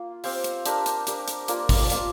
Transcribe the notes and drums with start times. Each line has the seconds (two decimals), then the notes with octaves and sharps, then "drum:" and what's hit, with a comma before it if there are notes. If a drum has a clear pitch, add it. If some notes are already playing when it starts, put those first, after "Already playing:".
Already playing: A#3 F4
0.24 C4 G4 C5 F5, drum: open hi-hat
0.44 drum: hi-hat
0.66 D4 G4 A#4, drum: hi-hat
0.86 drum: hi-hat
1.07 D4 G4 A#4, drum: hi-hat
1.28 drum: hi-hat
1.48 A#3 F4 A#4 D5, drum: hi-hat
1.69 drum: kick, open hi-hat
1.90 A#3 F4 A#4 D5, drum: hi-hat